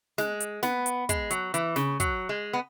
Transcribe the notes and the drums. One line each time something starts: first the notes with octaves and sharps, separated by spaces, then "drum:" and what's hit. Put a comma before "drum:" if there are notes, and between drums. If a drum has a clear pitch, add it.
G#3, drum: snare
drum: hi-hat
B3, drum: snare
drum: hi-hat
G#3, drum: kick, hi-hat
F#3, drum: hi-hat
E3, drum: hi-hat
C#3, drum: snare
F#3, drum: kick, hi-hat
G#3
B3